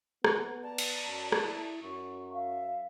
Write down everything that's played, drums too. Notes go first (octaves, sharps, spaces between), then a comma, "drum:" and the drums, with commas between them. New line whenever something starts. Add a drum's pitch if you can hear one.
B3, drum: rim click
D5 A5 A#5
drum: cymbal
F#2
drum: rim click
E4
F#2 C#6
E5 F5